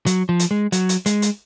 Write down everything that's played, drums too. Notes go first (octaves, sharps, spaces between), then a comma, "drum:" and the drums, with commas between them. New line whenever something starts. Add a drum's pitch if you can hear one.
F#3, drum: hi-hat
F3
drum: hi-hat
G#3
F#3, drum: hi-hat
drum: hi-hat
G#3, drum: hi-hat
drum: hi-hat